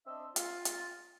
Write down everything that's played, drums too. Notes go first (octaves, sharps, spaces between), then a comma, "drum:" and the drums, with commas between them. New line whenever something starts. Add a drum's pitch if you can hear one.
C4 D4 D#5 E5 E6
F4, drum: hi-hat
drum: hi-hat